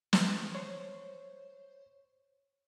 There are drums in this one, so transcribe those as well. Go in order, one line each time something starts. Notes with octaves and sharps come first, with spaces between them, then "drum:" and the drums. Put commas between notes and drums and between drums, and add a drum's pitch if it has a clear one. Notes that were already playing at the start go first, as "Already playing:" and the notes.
D#3, drum: snare
C5 C#5